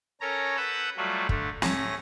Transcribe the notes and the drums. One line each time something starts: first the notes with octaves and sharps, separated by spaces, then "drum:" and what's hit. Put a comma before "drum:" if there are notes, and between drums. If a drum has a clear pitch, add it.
C#4 A4 A#4 C#5 A#5
B4 F#5 A5 B5 E6 G6
F#3 G3 A3 F4 F#4
D3 A3, drum: kick
A2 C#4 A#6, drum: snare